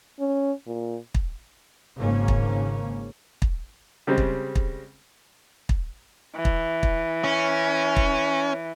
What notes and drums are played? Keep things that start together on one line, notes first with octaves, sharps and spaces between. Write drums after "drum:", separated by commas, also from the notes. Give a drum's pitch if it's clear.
C#4
A#2
drum: kick
G#1 G#2 C#3 A#3 C#4
drum: kick
drum: kick
C#3 G3 G#3 C4
drum: kick
drum: kick
drum: kick
E3
drum: kick
drum: kick
C#4
drum: kick